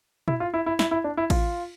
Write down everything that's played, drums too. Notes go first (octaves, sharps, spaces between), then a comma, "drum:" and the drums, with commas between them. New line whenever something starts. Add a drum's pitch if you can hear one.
E4, drum: tom A#2
F4
E4
E4
E4, drum: snare
E4
D4
E4
F4, drum: kick A1, cymbal